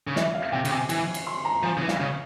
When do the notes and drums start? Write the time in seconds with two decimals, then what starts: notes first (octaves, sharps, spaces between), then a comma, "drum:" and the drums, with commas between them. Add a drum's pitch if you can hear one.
0.07 C#3
0.16 E3 E5, drum: snare
0.34 F5
0.52 C3 G5
0.65 C#3, drum: cymbal
0.71 C3 G#5
0.89 E3 G#5, drum: cymbal
1.14 drum: cymbal
1.27 C6
1.45 A#5
1.63 F3 G#5
1.77 C#3
1.81 E3
1.88 F5, drum: snare
2.00 C#3